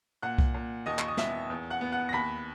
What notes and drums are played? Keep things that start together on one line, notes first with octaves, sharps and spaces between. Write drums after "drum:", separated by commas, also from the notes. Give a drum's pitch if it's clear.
A#2 F#5 F#6
drum: kick C2
A#2
D#2 D#5 D#6
C#6, drum: clap
D#6
B3 E5 E6, drum: snare
E2
F#5 F#6
B3
F#5 F#6
A#6
D#2 B5 B6